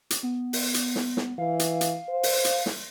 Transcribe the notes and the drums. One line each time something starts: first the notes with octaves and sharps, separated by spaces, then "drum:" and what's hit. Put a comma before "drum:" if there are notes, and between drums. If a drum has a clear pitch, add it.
drum: hi-hat
B3
drum: open hi-hat
drum: hi-hat
drum: snare
drum: snare
E3 F5
drum: hi-hat
drum: hi-hat
C5
drum: open hi-hat
drum: hi-hat
drum: snare